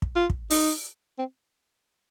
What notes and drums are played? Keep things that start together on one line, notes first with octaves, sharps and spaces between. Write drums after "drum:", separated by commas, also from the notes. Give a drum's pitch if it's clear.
drum: kick
F4
drum: kick
D#4, drum: open hi-hat
C4